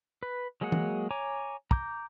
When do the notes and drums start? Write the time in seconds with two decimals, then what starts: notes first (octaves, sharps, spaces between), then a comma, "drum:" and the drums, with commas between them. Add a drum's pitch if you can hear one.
0.23 B4
0.61 F#3 G#3 A#3 G#4 F#5
0.72 drum: tom
1.11 C#5 G#5 A#5 D6
1.71 A#5 D6 G6, drum: kick